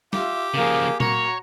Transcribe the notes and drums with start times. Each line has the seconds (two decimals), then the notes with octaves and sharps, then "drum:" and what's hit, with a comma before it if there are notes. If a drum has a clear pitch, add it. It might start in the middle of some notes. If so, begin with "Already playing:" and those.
0.13 F4 G4 E5, drum: snare
0.54 C#3 F3 A#3 G#4
1.00 A#3 F#4 C#5 A#5, drum: tom A#2